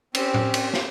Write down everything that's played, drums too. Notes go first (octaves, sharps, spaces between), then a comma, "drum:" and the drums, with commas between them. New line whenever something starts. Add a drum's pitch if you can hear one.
C4 C#4 G4, drum: cymbal
drum: tom A2
drum: cymbal
drum: snare